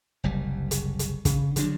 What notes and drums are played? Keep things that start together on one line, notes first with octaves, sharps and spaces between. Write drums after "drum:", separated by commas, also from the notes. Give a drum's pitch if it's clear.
F#1 C2 G3
drum: hi-hat
drum: hi-hat
C#3, drum: kick, hi-hat
D3 F3 F#3 D4, drum: hi-hat